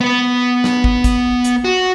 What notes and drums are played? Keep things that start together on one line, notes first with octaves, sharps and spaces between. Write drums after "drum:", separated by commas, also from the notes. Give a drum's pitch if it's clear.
B3 B4
drum: snare
drum: kick
drum: kick, hi-hat
drum: hi-hat
F#4